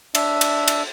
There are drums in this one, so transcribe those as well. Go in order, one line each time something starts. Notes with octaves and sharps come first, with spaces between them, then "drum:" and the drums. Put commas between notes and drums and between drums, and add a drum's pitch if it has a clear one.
D4 E5, drum: cymbal
drum: cymbal
drum: cymbal